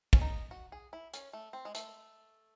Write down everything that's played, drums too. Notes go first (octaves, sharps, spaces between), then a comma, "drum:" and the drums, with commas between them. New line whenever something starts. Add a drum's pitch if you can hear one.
C#4, drum: kick
D#4
F#4
G#4
E4
C#4, drum: hi-hat
A3
C4
G#3
A3, drum: hi-hat